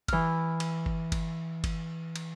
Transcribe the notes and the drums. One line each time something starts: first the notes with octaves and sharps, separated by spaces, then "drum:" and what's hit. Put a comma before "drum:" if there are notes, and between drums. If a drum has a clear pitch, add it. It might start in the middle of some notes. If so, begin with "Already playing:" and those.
E3 F6, drum: kick G1, cymbal
drum: cymbal
drum: kick G1
drum: kick G1, cymbal
drum: kick G1, cymbal
drum: cymbal